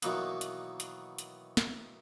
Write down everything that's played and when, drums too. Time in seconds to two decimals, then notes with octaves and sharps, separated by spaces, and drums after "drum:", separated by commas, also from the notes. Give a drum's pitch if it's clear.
0.02 B2 D#3 E3 F#3 A#3 B3, drum: hi-hat
0.41 drum: hi-hat
0.80 drum: hi-hat
1.18 drum: hi-hat
1.57 drum: snare